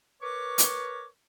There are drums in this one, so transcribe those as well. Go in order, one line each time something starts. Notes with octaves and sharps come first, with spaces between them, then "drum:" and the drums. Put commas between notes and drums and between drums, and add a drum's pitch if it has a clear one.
A#4 B4 C#5 C#6 D6
drum: hi-hat